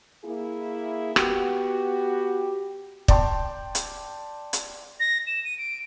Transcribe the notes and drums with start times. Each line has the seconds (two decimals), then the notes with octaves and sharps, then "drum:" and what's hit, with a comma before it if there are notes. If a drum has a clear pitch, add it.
0.24 A#3 E4 G#4
1.16 B3 F#4 G4, drum: rim click
3.08 D5 G5 A5 C6, drum: kick
3.75 drum: hi-hat
4.53 drum: hi-hat
5.00 A#6
5.27 E7
5.44 D#7
5.58 D7